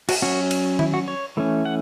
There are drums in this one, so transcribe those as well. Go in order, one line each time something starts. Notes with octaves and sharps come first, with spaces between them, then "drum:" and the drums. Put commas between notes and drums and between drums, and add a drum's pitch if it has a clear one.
F#4, drum: cymbal
F#3 C#4 F#4
drum: cymbal
E4, drum: tom D#3
F#4
C#5
E3 A3 C#4
F#5